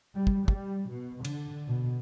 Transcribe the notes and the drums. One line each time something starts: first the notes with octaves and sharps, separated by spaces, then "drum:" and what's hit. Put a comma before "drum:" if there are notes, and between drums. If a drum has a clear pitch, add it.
G3
drum: kick
G3, drum: kick
B2
D3, drum: cymbal
B2